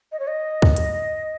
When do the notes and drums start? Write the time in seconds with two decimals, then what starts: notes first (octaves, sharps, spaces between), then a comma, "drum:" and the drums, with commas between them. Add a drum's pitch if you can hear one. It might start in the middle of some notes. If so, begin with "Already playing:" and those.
0.12 D#5
0.19 C#5
0.27 D#5
0.62 drum: kick
0.77 drum: hi-hat